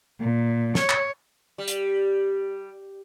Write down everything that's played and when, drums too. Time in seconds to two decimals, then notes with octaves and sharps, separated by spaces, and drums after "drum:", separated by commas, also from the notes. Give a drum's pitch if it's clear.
0.20 A#2
0.75 C#5, drum: snare
0.89 drum: clap
1.58 G3
1.68 drum: hi-hat